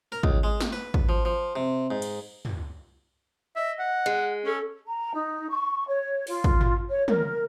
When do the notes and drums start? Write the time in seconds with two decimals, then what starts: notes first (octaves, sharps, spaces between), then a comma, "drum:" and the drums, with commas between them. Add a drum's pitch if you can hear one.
0.12 A#4
0.23 C#2, drum: kick
0.43 G#3
0.60 drum: snare
0.73 B4
0.94 drum: kick
1.09 F3
1.25 F3
1.56 C3
1.91 G#2
2.02 drum: cymbal
2.45 drum: tom
3.56 D#5 E5
3.79 F#5
4.06 G#3
4.45 C#4 A4
4.86 A#5
5.13 D#4
5.51 C#6
5.86 C#5
6.27 F4, drum: open hi-hat
6.44 drum: kick
6.61 drum: tom
6.89 C#5
7.08 A#4, drum: tom